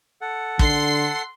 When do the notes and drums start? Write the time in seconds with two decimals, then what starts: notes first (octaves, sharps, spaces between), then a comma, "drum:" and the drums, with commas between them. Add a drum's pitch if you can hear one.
0.21 A4 F#5
0.59 D3 C6 C7, drum: kick